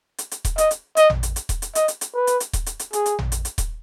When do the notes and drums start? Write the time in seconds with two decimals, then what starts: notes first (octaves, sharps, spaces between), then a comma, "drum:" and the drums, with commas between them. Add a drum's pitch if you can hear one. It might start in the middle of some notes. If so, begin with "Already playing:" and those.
0.18 drum: hi-hat
0.31 drum: hi-hat
0.45 drum: kick D#1, hi-hat
0.58 D#5, drum: hi-hat
0.71 drum: hi-hat
0.97 D#5, drum: hi-hat
1.10 drum: tom
1.23 drum: hi-hat
1.36 drum: hi-hat
1.49 drum: kick D#1, hi-hat
1.62 drum: hi-hat
1.75 D#5, drum: hi-hat
1.88 drum: hi-hat
2.01 drum: hi-hat
2.14 B4
2.27 drum: hi-hat
2.40 drum: hi-hat
2.53 drum: kick D#1, hi-hat
2.66 drum: hi-hat
2.79 drum: hi-hat
2.93 G#4, drum: hi-hat
3.06 drum: hi-hat
3.19 drum: tom
3.32 drum: hi-hat
3.45 drum: hi-hat
3.58 drum: kick D#1, hi-hat